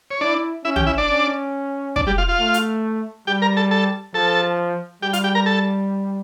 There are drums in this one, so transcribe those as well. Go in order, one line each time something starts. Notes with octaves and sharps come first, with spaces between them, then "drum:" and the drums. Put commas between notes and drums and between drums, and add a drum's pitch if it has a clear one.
C#5
D4 E4 D5
C#4 E4 E5
G4 G5, drum: tom
E4 E5
D4 D5
C#4
D4 D5, drum: kick
G3 G4
F4 F5
F4 F5
A3
drum: hi-hat
G3 G4 G5
A#4 A#5
A4 A5
A4 A5
F3 A4 A5
G3 G4 G5
F4 F5, drum: hi-hat
G4 G5
A#4 A#5
A4 A5